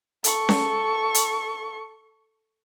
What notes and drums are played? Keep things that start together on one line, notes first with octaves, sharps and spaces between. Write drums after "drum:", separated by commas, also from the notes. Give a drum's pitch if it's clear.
A4 C#6, drum: hi-hat
drum: snare C#4
drum: hi-hat